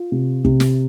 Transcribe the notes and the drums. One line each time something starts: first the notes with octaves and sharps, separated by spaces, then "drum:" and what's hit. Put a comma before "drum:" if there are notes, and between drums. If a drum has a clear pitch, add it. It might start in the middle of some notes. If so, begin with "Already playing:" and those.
Already playing: F4
C3
C3, drum: kick
drum: snare